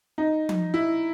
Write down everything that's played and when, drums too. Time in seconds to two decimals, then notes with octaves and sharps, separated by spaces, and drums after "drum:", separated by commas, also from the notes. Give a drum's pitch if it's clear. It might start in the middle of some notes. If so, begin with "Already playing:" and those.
0.18 D#4
0.49 drum: tom F3
0.74 E4